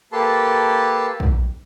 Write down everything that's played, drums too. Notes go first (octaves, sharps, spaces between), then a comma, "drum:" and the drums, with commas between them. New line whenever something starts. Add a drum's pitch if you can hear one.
A#3 G4 A4 B4 A5 C6
drum: kick A#1